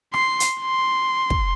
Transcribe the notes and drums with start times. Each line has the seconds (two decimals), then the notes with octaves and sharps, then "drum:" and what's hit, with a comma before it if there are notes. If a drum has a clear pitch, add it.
0.14 C6 C7, drum: rim click
0.40 drum: hi-hat
0.61 C6
1.30 drum: kick